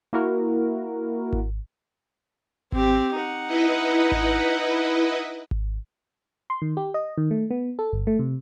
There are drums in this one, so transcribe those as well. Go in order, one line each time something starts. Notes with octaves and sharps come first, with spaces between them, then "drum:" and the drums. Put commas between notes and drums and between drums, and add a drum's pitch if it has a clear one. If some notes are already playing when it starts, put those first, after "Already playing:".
A#3 E4 F#4 A#4
drum: kick G#1
C4 G4, drum: kick G#1
D#4 F#5
E4 B4 D#5
drum: kick G#1
drum: kick G#1
C6
D#3
G4
D#5
D#3
A3
B3
A4
G1
A3
C3